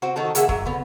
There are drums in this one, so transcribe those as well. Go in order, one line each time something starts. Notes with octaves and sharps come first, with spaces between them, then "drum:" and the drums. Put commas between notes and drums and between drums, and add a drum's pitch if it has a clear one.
C4 F#4
D#3 D#4 F#4 A4
A#3 G#4 E5 F#5, drum: hi-hat
F#3, drum: kick
D3 B3